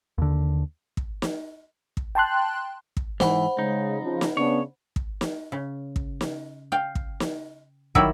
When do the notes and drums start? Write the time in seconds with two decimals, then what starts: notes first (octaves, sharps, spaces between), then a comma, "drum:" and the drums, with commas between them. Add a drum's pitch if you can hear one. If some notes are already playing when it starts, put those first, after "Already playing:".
0.18 D#2 D3
0.97 drum: kick
1.22 drum: snare
1.97 drum: kick
2.15 G5 A5 C6 F#6
2.97 drum: kick
3.20 G#2 E3 C5 F#5 B5, drum: snare
3.59 C#3 G#3 D#4
4.02 C#3 F3
4.21 drum: snare
4.37 C#3 B3 D4 C#5
4.96 drum: kick
5.21 drum: snare
5.52 C#3
5.96 drum: kick
6.21 drum: snare
6.72 F5 G5
6.95 drum: kick
7.20 drum: snare
7.95 D#3 F#3 G3 E4 A#4 E5, drum: kick